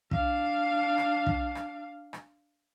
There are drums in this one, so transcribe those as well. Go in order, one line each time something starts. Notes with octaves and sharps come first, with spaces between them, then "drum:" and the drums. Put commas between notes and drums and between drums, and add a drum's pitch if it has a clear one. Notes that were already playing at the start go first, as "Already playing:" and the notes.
D4 F5, drum: kick
drum: rim click
drum: kick
drum: rim click
drum: rim click